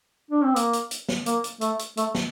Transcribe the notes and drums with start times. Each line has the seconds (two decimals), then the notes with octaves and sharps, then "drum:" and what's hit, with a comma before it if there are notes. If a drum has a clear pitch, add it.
0.31 D4
0.43 C4
0.56 A#3, drum: hi-hat
0.73 drum: hi-hat
0.91 drum: hi-hat
1.09 drum: snare
1.26 A#3, drum: hi-hat
1.44 drum: hi-hat
1.61 A3, drum: hi-hat
1.79 drum: hi-hat
1.97 A3, drum: hi-hat
2.15 drum: snare